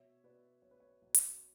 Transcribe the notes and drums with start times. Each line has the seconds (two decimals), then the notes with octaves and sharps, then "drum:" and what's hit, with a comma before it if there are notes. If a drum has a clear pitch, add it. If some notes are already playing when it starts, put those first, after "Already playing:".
Already playing: B2 C#5 E5
0.24 B2 B4 D5
0.62 B1 C#5
0.71 B4
0.80 C#5
1.02 B1
1.14 drum: hi-hat